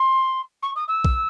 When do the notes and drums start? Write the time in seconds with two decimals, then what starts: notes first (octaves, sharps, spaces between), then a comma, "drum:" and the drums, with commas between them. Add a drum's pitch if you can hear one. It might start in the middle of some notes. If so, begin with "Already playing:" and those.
Already playing: C6
0.62 C#6
0.76 D#6
0.88 E6
1.05 drum: kick